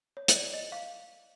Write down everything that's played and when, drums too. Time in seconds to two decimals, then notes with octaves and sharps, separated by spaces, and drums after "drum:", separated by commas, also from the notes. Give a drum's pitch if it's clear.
0.17 C#5
0.28 C#5, drum: hi-hat
0.35 D5
0.54 D#5
0.72 F5